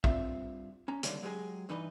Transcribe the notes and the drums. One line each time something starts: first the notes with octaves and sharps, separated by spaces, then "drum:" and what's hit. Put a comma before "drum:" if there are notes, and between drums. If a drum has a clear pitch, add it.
G2 C4 F4 E5, drum: kick B1
C#4 A#5
C#2 D3 D#3 G3 A#3 C#5, drum: hi-hat
F#3 G#3 G4 G#4
G2 E3 D#4 B4 C#5 D#5